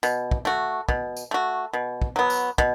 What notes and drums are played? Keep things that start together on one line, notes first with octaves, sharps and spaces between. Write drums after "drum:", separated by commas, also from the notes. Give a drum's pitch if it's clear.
B2, drum: tambourine
drum: kick
A3 F#4
B2, drum: kick
drum: tambourine
A3 F#4
B2
drum: kick
F#3 B3
drum: tambourine
B2, drum: kick